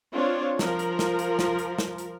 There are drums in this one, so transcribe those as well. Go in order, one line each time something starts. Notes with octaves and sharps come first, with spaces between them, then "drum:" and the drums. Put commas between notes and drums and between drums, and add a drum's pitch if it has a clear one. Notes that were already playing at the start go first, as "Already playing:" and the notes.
C4 D4 F4 C#5
F3 A#4, drum: snare
drum: hi-hat
drum: snare
drum: hi-hat
drum: snare
drum: hi-hat
drum: snare
drum: hi-hat